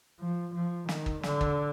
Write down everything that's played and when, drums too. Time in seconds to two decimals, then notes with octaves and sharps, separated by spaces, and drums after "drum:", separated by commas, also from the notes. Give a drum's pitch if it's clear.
0.20 F3
0.54 F3
0.89 D#3, drum: snare
1.06 drum: kick
1.23 D3, drum: snare
1.41 drum: kick